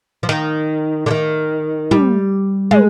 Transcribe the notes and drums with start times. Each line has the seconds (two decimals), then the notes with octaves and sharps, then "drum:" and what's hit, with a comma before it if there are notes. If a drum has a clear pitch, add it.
0.23 F3
0.29 D#3, drum: snare
1.06 D3
1.11 D#3
1.91 G3, drum: tom
2.71 G#3, drum: tom